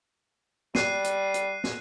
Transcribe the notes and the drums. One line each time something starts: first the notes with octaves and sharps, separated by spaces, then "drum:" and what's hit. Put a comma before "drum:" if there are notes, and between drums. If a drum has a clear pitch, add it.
G3 F#6 C7 D#7, drum: snare
drum: hi-hat
drum: hi-hat
drum: snare